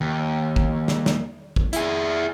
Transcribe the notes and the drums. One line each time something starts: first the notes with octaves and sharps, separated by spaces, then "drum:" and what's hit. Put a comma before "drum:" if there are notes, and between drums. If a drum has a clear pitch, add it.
D#2
drum: kick
drum: snare
drum: snare
drum: kick
E4 G#4, drum: hi-hat